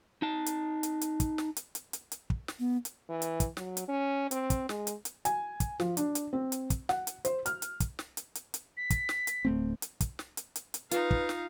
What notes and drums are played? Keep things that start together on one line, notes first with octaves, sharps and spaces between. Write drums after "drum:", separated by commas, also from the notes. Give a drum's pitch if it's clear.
D#4 A5
drum: hi-hat
drum: hi-hat
drum: hi-hat
drum: kick, hi-hat
drum: snare
drum: hi-hat
drum: hi-hat
drum: hi-hat
drum: hi-hat
drum: kick
drum: snare
B3
drum: hi-hat
E3
drum: hi-hat
drum: kick, hi-hat
F#3, drum: snare
drum: hi-hat
C#4
C4, drum: hi-hat
drum: kick, hi-hat
G#3, drum: snare
drum: hi-hat
drum: hi-hat
G#5, drum: hi-hat
drum: kick, hi-hat
F3, drum: snare
D4, drum: hi-hat
drum: hi-hat
C4
drum: hi-hat
drum: kick, hi-hat
F#5, drum: snare
drum: hi-hat
C5, drum: hi-hat
F6, drum: hi-hat
drum: hi-hat
drum: kick, hi-hat
drum: snare
drum: hi-hat
drum: hi-hat
drum: hi-hat
B6
drum: kick, hi-hat
drum: snare
drum: hi-hat
D1 A3 C4
drum: hi-hat
drum: kick, hi-hat
drum: snare
drum: hi-hat
drum: hi-hat
drum: hi-hat
D#4 F4 B4 F5, drum: hi-hat
drum: kick
drum: snare